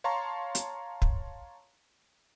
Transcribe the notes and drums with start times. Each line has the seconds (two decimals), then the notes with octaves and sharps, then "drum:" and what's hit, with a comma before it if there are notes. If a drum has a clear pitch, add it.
0.04 C#5 F5 A5 A#5 C6 C#6
0.55 drum: hi-hat
1.02 drum: kick